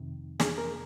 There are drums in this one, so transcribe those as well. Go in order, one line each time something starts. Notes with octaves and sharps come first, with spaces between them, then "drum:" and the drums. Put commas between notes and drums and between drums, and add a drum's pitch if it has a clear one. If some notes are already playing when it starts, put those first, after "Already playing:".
Already playing: F2 C3 D#3
G#4, drum: snare
A#4